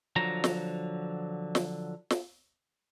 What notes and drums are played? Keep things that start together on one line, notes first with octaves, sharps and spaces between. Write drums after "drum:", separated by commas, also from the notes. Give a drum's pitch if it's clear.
D3 F3 F#3 A#5
drum: snare
drum: snare
drum: snare